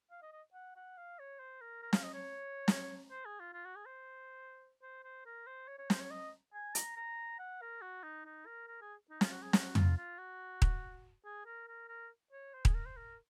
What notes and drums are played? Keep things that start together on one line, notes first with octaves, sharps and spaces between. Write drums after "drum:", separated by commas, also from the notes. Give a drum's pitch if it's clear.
F5
D#5
D#5
F#5
F#5
F5
C#5
C5
A#4
A#4
F5, drum: snare
D#5
C#5
drum: snare
C5
G#4
F4
F4
F#4
G#4
C5
C5
C5
A#4
C5
C#5
C#5
C5, drum: snare
C#5
D#5
G#5
A#5, drum: hi-hat
A#5
F#5
A#4
F#4
D#4
D#4
A#4
A#4
G#4
D#4
F4, drum: snare
F#4
G#4
F#4, drum: snare
F4, drum: tom
F4
F#4
drum: kick D#1
G#4
A#4
A#4
A#4
C#5
C5
G#4, drum: kick D#1
A#4
C5
A#4